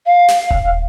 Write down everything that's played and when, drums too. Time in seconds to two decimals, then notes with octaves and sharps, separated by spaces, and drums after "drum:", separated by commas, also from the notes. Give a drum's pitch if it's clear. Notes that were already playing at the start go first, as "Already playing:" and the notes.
0.07 F5
0.29 drum: snare
0.51 drum: kick D#1